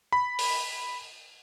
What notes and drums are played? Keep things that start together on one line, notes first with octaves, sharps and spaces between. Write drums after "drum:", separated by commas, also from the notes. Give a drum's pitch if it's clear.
B5
drum: open hi-hat